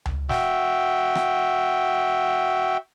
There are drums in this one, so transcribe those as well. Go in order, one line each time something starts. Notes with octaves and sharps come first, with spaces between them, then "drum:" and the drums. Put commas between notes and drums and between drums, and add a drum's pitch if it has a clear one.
drum: tom C#2
F#4 E5 G5, drum: snare
drum: rim click